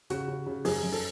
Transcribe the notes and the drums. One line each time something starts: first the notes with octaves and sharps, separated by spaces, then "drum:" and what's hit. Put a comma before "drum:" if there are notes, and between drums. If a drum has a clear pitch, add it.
C#3 F#4, drum: hi-hat
C#3
C#3
F#2 G#4, drum: open hi-hat
F#2
A4, drum: open hi-hat